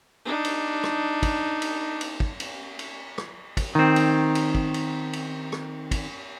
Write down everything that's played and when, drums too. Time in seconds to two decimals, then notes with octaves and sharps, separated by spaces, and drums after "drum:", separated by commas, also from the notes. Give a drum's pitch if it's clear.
0.25 D4 D#4
0.44 drum: cymbal
0.84 drum: rim click
1.23 drum: kick, cymbal
1.62 drum: cymbal
2.01 drum: cymbal
2.20 drum: kick
2.40 drum: cymbal
2.79 drum: cymbal
3.18 drum: rim click
3.57 drum: kick, cymbal
3.75 D#3 C4
3.96 drum: cymbal
4.35 drum: cymbal
4.55 drum: kick
4.74 drum: cymbal
5.13 drum: cymbal
5.52 drum: rim click
5.91 drum: kick, cymbal